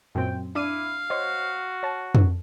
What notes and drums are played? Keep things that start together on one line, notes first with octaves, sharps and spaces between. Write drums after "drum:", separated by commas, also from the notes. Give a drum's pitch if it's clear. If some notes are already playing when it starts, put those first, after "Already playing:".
F#2 A#2 C4 G5
D4 E4 F5 D6 D#7
F#4 C5 C#5 D#5
C#5 A5
drum: tom